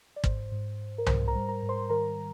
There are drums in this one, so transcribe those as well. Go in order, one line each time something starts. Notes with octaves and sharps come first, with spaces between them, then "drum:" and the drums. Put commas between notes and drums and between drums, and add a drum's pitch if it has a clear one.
D5
G#2 C5, drum: kick
G#2
G#2
A#4
G#2 C5, drum: tom C2
A#4 A#5
G3
A#4 A#5
G#2
C5 C6
D#3 A#4 A#5